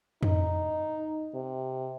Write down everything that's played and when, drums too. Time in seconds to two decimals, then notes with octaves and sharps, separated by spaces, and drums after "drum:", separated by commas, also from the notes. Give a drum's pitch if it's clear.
0.23 D#4, drum: tom F2
1.35 C3